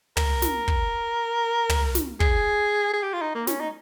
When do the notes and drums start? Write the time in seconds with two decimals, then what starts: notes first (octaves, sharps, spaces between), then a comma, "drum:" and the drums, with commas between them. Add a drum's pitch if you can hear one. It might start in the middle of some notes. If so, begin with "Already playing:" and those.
0.17 A#4, drum: tom
0.42 drum: snare
0.68 drum: kick
1.69 drum: tom
1.95 drum: snare
2.20 G#4, drum: kick
2.93 G#4
3.03 G4
3.13 F4
3.22 D#4
3.35 A#3
3.47 C#4, drum: snare
3.61 D#4